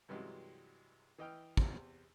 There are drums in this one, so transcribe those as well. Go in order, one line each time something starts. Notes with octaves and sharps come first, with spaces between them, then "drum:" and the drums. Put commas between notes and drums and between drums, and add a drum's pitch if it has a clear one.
G2 C3 E3 F#3 G#3
E3 D#5 G5 F6
E2 C3 C5, drum: kick